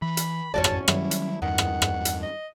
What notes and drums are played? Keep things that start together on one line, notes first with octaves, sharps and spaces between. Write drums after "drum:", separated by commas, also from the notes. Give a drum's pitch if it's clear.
E3 B5
drum: hi-hat
A1 F2 C#4 F#4 D5 A5
drum: rim click
D#3 F#3 G3 E4, drum: rim click
drum: hi-hat
E2 G2 D#3 F#5
drum: rim click
drum: rim click
drum: hi-hat
D#5